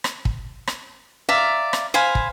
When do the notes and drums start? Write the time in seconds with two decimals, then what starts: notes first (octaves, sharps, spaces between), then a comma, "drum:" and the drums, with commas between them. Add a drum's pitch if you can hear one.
0.04 drum: rim click
0.25 drum: kick
0.67 drum: rim click
1.29 D5 E5 F5 A#5
1.73 drum: rim click
1.94 C5 F5 G#5 B5
2.15 drum: kick